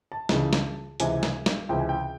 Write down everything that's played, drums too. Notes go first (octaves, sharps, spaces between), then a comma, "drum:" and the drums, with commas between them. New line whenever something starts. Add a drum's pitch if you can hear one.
A5
C#2 C#3 E3, drum: snare
drum: snare
C#2 C3 E3 G#5, drum: hi-hat
drum: snare
drum: snare
C#2 C3 E3 G5
G#5
G5